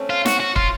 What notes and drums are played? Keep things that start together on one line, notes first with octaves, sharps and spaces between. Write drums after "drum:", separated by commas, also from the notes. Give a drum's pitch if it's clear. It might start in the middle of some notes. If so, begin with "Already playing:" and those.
Already playing: A3 C4 C#4
F4
F#4, drum: snare
F#4
F4, drum: kick